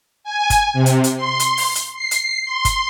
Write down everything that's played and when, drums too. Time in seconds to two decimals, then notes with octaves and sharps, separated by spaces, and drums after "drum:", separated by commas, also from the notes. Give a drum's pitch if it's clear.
0.24 G#5
0.50 drum: kick G1, hi-hat
0.73 C3
0.86 drum: hi-hat
1.04 drum: hi-hat
1.16 C6
1.40 drum: hi-hat
1.57 drum: open hi-hat
1.75 drum: hi-hat
1.93 C7
2.11 drum: hi-hat
2.45 C6
2.65 drum: kick G1, hi-hat